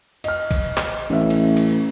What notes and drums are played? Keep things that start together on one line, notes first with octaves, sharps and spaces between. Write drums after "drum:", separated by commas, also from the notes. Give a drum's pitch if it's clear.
D#5 F6, drum: cymbal
drum: kick, cymbal
drum: clap
A1 C#4 B4 E5
drum: cymbal
drum: cymbal